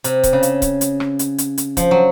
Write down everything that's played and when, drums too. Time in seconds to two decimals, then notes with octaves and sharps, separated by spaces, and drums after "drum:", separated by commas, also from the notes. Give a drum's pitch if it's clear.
0.04 C3, drum: hi-hat
0.23 drum: kick C#1, hi-hat
0.33 C#3
0.43 drum: hi-hat
0.62 drum: kick C#1, hi-hat
0.81 drum: hi-hat
1.00 drum: rim click
1.19 drum: hi-hat
1.38 drum: hi-hat
1.58 drum: hi-hat
1.77 F3, drum: kick C#1, hi-hat
1.91 F#3